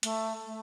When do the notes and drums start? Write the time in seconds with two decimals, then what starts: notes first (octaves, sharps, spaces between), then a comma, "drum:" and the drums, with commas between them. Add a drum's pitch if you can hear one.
0.03 A3, drum: hi-hat
0.45 A3